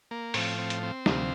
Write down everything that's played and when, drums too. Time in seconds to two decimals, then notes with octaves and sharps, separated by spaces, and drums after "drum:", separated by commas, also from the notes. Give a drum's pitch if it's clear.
0.11 A#3
0.34 A2 F3 C4, drum: open hi-hat
0.58 C4
0.70 drum: hi-hat
0.83 C4
1.06 D2 C3 F3, drum: snare